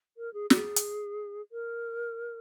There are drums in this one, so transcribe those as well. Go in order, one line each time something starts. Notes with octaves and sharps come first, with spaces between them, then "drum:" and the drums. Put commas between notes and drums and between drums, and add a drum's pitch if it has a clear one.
A#4
G#4
G#4, drum: snare
drum: hi-hat
A#4